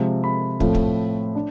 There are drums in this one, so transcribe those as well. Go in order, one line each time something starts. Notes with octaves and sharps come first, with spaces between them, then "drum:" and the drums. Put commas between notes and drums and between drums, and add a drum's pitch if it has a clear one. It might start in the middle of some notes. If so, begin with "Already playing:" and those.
Already playing: C3 F3 G#3 C4
B5
A2 F3 A3 C4, drum: kick
drum: kick
D4